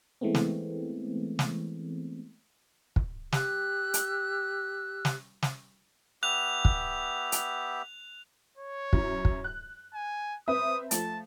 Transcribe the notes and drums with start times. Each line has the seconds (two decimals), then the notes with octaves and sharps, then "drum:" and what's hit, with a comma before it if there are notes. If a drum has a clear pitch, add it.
0.21 E3 G#3 A3 B3 C4
0.35 drum: snare
1.39 drum: snare
2.96 drum: kick
3.32 G4 E6 F#6, drum: snare
3.94 drum: hi-hat
5.05 drum: snare
5.42 drum: snare
6.23 B3 G4 E5 F#6 F7
6.65 drum: kick
7.32 drum: hi-hat
8.57 C#5
8.93 F#2 E4, drum: kick
9.25 drum: kick
9.44 F#6
9.94 G#5
10.48 C4 B4 E5 D#6
10.91 F3 A3 A5, drum: hi-hat